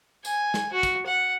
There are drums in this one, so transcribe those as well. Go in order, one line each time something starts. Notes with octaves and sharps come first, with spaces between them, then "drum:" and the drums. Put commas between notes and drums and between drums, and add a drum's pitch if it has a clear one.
G#5, drum: tambourine
drum: snare
F#4
drum: kick, tambourine
F#5